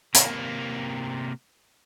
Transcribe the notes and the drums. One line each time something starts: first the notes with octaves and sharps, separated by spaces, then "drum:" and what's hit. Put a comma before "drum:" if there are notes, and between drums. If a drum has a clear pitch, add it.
C3 A#3, drum: hi-hat